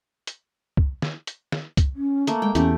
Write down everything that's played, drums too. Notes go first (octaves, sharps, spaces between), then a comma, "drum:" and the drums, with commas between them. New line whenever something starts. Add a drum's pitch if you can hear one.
drum: hi-hat
drum: kick
drum: snare
drum: hi-hat
drum: snare
drum: kick, hi-hat
C#4
A3 A#3, drum: hi-hat
G#3 G5
E2 A3 C#4 G4, drum: hi-hat